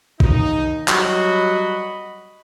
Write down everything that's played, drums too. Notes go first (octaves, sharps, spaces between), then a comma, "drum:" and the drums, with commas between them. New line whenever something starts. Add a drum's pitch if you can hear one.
D#2 D#4, drum: kick
F#3 G3 F#4 D#5 B5, drum: clap